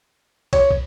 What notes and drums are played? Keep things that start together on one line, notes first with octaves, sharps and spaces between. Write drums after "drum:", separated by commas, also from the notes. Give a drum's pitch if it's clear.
C#5, drum: kick, cymbal
drum: kick